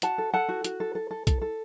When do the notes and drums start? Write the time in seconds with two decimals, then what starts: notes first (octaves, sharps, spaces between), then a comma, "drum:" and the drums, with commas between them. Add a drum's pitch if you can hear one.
0.02 F#4 F#5 A5, drum: hi-hat
0.18 A4
0.33 A4 F#5 A5
0.49 F#4
0.64 F#4, drum: hi-hat
0.80 A4
0.95 A4
1.11 A4
1.27 A4, drum: kick B1, hi-hat
1.42 A4